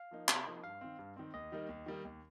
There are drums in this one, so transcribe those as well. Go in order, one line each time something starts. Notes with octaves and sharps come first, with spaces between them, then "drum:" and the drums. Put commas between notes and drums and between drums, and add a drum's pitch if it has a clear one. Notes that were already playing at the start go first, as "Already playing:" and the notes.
Already playing: F5
F3 A#3 D#4
C3, drum: clap
F3 A#3 D#4
G2 F5
D#3 C4
G2
D#3 C4
D#2 D#5
D#3 G3 A#3 D#4
D#2
D#3 G3 A#3 D#4
D#2